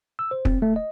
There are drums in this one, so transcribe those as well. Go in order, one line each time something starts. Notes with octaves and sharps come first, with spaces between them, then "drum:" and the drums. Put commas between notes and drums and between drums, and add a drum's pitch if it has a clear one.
E6
C5
C4, drum: kick
A3
D#5